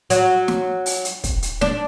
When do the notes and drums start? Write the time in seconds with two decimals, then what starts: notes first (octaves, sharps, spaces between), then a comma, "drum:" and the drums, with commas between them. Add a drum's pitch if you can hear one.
0.10 F#3, drum: hi-hat
0.48 drum: snare
0.86 drum: open hi-hat
1.05 drum: hi-hat
1.24 drum: kick, hi-hat
1.42 drum: hi-hat
1.61 D4, drum: snare